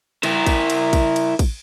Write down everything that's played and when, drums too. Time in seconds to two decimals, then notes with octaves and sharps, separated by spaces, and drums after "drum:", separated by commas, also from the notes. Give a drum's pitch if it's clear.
0.23 E4 A#4, drum: cymbal
0.46 drum: kick, cymbal
0.70 drum: cymbal
0.93 drum: kick, cymbal
1.16 drum: cymbal
1.39 drum: kick, cymbal